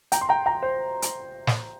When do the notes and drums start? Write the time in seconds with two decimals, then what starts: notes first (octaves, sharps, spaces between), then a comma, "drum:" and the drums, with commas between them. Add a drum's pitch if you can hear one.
0.12 G5 A#5, drum: hi-hat
0.21 C6
0.29 G5 A#5
0.46 G5 A#5
0.63 C5
1.02 drum: hi-hat
1.47 drum: snare